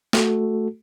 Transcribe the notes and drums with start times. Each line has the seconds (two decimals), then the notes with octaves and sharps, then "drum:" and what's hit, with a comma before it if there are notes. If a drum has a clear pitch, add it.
0.13 A3 F#4 A4, drum: snare